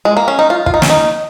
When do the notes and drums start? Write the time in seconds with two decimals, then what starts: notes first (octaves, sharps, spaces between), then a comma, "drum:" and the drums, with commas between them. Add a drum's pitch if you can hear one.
0.05 G#3
0.17 A#3
0.28 C#4
0.39 D#4
0.50 F4
0.66 F4, drum: kick
0.74 D#4
0.82 C#4, drum: snare
0.90 D#4